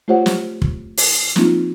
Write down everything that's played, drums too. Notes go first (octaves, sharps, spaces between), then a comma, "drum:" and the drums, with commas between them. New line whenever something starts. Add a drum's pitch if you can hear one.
A3 F4 G4 C5 C#5 F#5
drum: snare
drum: kick
drum: open hi-hat
F3 A#3 C4 D#4 F4, drum: snare